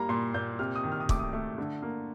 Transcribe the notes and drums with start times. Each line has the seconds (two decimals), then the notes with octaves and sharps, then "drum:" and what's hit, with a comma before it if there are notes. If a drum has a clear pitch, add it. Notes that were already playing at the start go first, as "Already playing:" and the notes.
Already playing: G3 A#3 A#5
0.09 A#2 C6
0.34 A#2 G6
0.59 C3 F6
0.76 D#6
0.83 D#3
0.92 F6
1.00 D#6
1.09 A3 D6, drum: kick
1.19 D#6
1.33 A3
1.58 D3
1.83 A#3